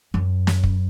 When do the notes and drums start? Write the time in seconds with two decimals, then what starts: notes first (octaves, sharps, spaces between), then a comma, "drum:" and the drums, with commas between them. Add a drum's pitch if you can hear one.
0.14 F#2
0.47 drum: snare
0.64 drum: kick